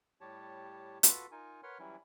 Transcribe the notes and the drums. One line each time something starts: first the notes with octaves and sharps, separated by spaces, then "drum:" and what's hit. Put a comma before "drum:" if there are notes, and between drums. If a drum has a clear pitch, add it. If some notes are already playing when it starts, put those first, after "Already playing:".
A2 G3 G4 C#5 A5
F4 F#4 A4 B4, drum: hi-hat
D#4 F4 A#4 G#5
A#4 B4 C#5 F#5 C6 F6
E3 F#3 G3 C#4 E4